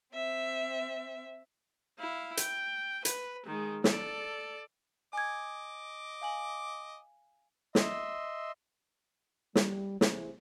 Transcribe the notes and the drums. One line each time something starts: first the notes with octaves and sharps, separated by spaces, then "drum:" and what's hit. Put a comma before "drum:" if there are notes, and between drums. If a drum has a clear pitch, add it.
C4 E5
E4 F5
G5, drum: hi-hat
B4, drum: hi-hat
D#3 G#3
A4 D5, drum: snare
D#5 G#5 D6 G#6
F5 G#5 F#7
D#5 E5 C6 E6, drum: snare
G3, drum: snare
C3 E3 A3 E4 G#4 C5, drum: snare